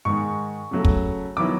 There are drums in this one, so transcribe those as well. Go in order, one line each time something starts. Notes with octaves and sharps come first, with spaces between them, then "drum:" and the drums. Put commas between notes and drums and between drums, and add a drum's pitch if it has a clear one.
G#2 D#3 G#3 C#6
C#3 F#3 A3
drum: kick
D#3 F#3 B3 E4 D6